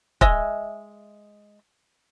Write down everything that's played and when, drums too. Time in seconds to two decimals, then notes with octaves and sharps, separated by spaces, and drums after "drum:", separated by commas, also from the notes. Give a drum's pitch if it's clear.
0.21 G#3 D#5 E5, drum: kick